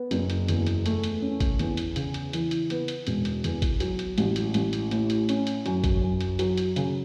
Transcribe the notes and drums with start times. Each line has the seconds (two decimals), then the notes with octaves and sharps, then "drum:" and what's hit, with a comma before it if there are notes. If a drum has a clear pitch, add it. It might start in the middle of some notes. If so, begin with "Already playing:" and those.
Already playing: B3
0.11 F#1, drum: hi-hat
0.30 drum: hi-hat
0.48 E2, drum: hi-hat
0.67 drum: hi-hat
0.86 A3, drum: hi-hat
1.04 drum: hi-hat
1.22 C#4
1.40 drum: kick, hi-hat
1.59 E2, drum: hi-hat
1.77 drum: hi-hat
1.96 C#3, drum: hi-hat
2.14 drum: hi-hat
2.33 E3, drum: hi-hat
2.51 drum: hi-hat
2.70 B3, drum: hi-hat
2.88 drum: hi-hat
3.07 E1, drum: hi-hat
3.25 drum: hi-hat
3.44 E2, drum: hi-hat
3.62 drum: kick, hi-hat
3.80 F#3, drum: hi-hat
3.99 drum: hi-hat
4.18 A1, drum: hi-hat
4.36 drum: hi-hat
4.54 A1, drum: hi-hat
4.73 drum: hi-hat
4.91 A2, drum: hi-hat
5.10 drum: hi-hat
5.29 C#4, drum: hi-hat
5.47 drum: hi-hat
5.66 F#2, drum: hi-hat
5.84 drum: kick, hi-hat
6.02 F#2
6.21 drum: hi-hat
6.39 F#3, drum: hi-hat
6.58 drum: hi-hat
6.76 C#3, drum: hi-hat